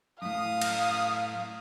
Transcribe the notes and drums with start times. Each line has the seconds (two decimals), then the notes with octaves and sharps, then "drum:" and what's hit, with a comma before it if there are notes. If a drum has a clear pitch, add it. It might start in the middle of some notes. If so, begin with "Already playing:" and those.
0.22 F#2 A2 F5 D#6
0.62 drum: cymbal